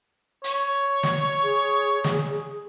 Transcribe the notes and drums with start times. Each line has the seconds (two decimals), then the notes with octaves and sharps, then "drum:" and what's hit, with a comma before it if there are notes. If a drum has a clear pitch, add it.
0.44 C#5, drum: hi-hat
1.03 drum: snare
1.43 G#4
2.04 drum: snare